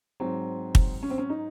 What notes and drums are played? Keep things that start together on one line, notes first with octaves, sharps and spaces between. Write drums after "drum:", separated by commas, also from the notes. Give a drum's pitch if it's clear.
G#2 F#3 C4
drum: kick
C#4
C4
C#4
D#4